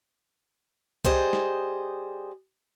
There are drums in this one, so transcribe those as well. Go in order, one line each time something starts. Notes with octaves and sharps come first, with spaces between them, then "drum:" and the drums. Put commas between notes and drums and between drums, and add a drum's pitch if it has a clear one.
G3 G#4 C5 D#5, drum: kick C2
drum: snare